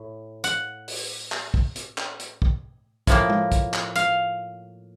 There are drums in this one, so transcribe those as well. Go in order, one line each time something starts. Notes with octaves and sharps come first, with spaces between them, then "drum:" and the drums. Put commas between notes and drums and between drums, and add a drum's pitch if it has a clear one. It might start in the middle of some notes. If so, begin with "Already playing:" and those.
Already playing: A2
F#5, drum: hi-hat
drum: open hi-hat
drum: clap
drum: kick
drum: hi-hat
drum: clap
drum: hi-hat
drum: kick
A2 F3 A#3, drum: kick, hi-hat
drum: tom G#3
drum: kick, hi-hat
drum: clap
F5, drum: hi-hat